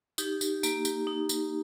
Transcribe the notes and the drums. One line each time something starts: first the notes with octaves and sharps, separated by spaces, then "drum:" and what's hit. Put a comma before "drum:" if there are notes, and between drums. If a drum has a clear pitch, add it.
D#4 G4, drum: tambourine
G4, drum: tambourine
A#3, drum: tambourine
G4, drum: tambourine
D#4
drum: tambourine